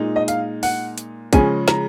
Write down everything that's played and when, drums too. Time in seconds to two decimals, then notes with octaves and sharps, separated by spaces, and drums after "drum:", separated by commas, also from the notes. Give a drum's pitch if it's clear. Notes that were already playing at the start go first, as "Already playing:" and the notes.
Already playing: A#2 G#3 D#4
0.16 D#5
0.28 F5, drum: hi-hat
0.63 F#5, drum: open hi-hat
0.98 drum: hi-hat
1.33 C#3 F3 G#3 C#4 G#5, drum: kick, hi-hat
1.68 A#5, drum: snare